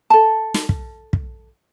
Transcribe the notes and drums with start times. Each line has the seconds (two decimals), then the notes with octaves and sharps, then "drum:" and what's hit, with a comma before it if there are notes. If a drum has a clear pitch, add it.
0.10 A4 A5
0.54 drum: snare
0.69 drum: kick
1.13 drum: kick